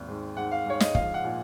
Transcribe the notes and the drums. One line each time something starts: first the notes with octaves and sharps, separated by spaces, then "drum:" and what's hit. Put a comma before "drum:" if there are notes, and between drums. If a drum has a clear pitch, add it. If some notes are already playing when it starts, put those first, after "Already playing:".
Already playing: G#1 D#2
G#2
G#2 F#5
F5
G#2 C#5
D#5, drum: snare
F3 F5, drum: kick
F#5
A#2